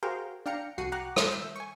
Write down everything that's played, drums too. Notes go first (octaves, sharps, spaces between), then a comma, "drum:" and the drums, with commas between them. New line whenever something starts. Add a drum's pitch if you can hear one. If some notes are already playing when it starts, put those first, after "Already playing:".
F#4 G#4 A#4 C5 F5 G5
D4 F5 G5 A#5 C#7
C2 F2 F#4 C7 C#7 D#7
F#5 G5 A#5 C#6 D6 F#6
drum: rim click
E5 E6 G6
G#5 C#6